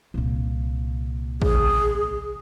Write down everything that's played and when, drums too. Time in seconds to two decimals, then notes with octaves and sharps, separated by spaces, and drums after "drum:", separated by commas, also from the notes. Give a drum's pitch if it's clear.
0.14 C2 A#2
1.42 G#4, drum: kick A1